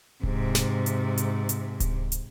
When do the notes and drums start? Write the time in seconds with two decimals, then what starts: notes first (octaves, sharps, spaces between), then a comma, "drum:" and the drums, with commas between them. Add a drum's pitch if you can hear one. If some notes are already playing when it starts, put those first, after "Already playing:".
0.23 G#2 C3, drum: kick D1
0.55 drum: snare
0.86 drum: hi-hat
1.18 drum: hi-hat
1.49 drum: hi-hat
1.80 drum: kick D1, hi-hat
2.12 drum: hi-hat